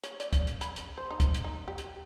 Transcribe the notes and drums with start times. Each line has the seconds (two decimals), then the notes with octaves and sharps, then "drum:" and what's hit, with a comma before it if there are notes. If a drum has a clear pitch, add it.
0.03 C#5, drum: hi-hat
0.20 D5, drum: hi-hat
0.33 drum: kick, hi-hat
0.47 drum: hi-hat
0.61 B5, drum: hi-hat
0.76 drum: hi-hat
0.98 C5
1.11 D#4
1.20 drum: kick, hi-hat
1.34 drum: hi-hat
1.44 D#4
1.68 G4
1.78 drum: hi-hat